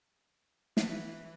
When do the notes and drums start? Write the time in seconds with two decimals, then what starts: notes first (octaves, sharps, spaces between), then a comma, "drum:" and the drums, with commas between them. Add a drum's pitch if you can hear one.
0.77 E3, drum: snare